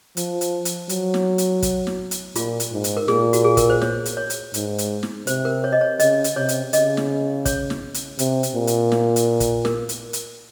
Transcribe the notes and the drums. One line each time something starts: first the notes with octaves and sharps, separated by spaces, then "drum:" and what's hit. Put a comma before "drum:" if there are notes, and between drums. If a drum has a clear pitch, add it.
F3, drum: hi-hat
drum: hi-hat
drum: hi-hat
F#3, drum: hi-hat
drum: snare
drum: hi-hat
drum: kick, hi-hat
drum: snare
drum: hi-hat
A#2 F4, drum: hi-hat
drum: hi-hat
G#2
drum: hi-hat
A#4
A#2 G#4, drum: snare
F#4, drum: hi-hat
G#4
A#4, drum: kick, hi-hat
C5
C#5, drum: snare
drum: hi-hat
C#5
drum: hi-hat
G#2, drum: hi-hat
drum: hi-hat
drum: snare
C3 C5, drum: hi-hat
A#4
C#5
D#5
C#5
C#3 D#5, drum: hi-hat
drum: hi-hat
C3 C#5
drum: hi-hat
C#3 D#5, drum: hi-hat
drum: snare
C#5, drum: kick, hi-hat
drum: snare
drum: hi-hat
C3, drum: hi-hat
drum: hi-hat
A#2
drum: hi-hat
drum: snare
drum: hi-hat
drum: kick, hi-hat
A#4, drum: snare
drum: hi-hat
drum: hi-hat